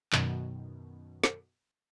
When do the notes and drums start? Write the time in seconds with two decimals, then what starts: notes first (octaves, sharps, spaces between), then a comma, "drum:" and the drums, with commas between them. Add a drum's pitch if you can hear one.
0.13 F#2 B2 D#3, drum: clap
1.24 drum: snare